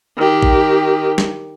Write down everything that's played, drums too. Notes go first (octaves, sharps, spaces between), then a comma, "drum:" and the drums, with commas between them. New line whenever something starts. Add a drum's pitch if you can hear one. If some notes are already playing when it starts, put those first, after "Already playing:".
D#3 G4
drum: kick A1
drum: snare